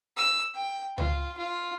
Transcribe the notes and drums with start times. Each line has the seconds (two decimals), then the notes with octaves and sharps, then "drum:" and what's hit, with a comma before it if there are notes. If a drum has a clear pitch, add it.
0.17 E6
0.55 G5
0.98 F4, drum: tom
1.37 F4